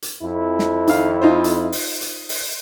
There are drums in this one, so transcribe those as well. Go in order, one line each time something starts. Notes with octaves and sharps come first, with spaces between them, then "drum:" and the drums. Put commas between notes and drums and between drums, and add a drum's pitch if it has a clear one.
drum: hi-hat
F2 E4
drum: snare
D#3 F5, drum: hi-hat
D#4 F4 C5
drum: hi-hat
drum: open hi-hat
drum: hi-hat
drum: open hi-hat